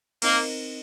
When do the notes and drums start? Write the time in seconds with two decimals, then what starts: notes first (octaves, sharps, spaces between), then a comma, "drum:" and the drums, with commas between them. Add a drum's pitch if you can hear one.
0.22 A#3 C4 D#4 A#4 D#5, drum: cymbal